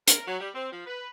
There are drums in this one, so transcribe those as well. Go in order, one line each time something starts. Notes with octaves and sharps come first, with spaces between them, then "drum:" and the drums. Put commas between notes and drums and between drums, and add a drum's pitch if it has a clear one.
A#4, drum: hi-hat
F#3
G3
C4
F3
B4